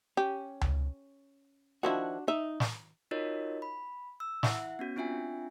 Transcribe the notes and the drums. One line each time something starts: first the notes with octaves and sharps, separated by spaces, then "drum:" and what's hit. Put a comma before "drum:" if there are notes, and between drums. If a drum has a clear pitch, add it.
C#4 G4
drum: tom C#2
D#3 F3 D4 E4 F#4
D#4 E5
drum: snare
D#4 F4 F#4 A#4 C#5 D#5
B5
E6
E4 E5 F#5, drum: snare
B3 C#4 F#4
C4 D4 F4 E5 G5 G#5